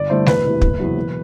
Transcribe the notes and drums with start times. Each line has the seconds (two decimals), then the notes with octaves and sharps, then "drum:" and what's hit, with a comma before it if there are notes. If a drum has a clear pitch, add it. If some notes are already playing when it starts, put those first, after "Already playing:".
Already playing: G1 D5
0.10 G2 D3 A3 E4 C5
0.26 E1 B4, drum: snare
0.45 D2 C3 E3
0.61 F#1, drum: kick
0.80 E2 C3 F#3
0.96 E1